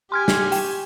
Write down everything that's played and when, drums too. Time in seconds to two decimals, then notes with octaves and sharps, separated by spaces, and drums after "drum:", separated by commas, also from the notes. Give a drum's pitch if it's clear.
0.12 G4 G#5 C6 F6 G#6
0.28 drum: snare
0.52 G5, drum: open hi-hat